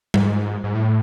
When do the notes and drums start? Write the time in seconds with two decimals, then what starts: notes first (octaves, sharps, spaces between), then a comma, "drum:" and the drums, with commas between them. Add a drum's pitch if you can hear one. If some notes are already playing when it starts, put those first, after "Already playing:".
0.14 G#2, drum: tom G3
0.64 G#2
0.75 A2